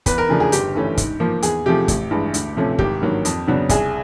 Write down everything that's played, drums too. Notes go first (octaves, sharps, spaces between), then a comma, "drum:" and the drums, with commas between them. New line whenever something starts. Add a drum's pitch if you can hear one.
E2 B4, drum: kick, hi-hat
A#4
C#3 F3 A3 D4 G#4
G#4
G1 G4, drum: hi-hat
G2 E3 A3 C#4
G#2, drum: kick, hi-hat
F3 A#3
E2 G#4, drum: hi-hat
C3 F3 A3 G4
A1, drum: kick, hi-hat
G2 E3 G#3
D2, drum: hi-hat
C3 F3 A3 C#4
G#1 G4, drum: kick
G2 D#3 F#3 A#3
F2, drum: hi-hat
C#3 F#3 B3 D4
C2 G#4, drum: kick, hi-hat